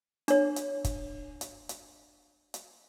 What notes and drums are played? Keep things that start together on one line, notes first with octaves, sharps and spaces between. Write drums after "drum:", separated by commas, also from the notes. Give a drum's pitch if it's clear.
D4 C#5, drum: hi-hat
drum: hi-hat
drum: kick, hi-hat
drum: hi-hat
drum: hi-hat
drum: hi-hat